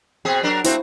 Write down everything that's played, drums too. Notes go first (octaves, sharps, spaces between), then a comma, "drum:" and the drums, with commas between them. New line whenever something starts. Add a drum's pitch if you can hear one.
B2 C4 G#4 G5
F#3 D4 A#4
A3 C4 E4 F#4 C5 F5, drum: hi-hat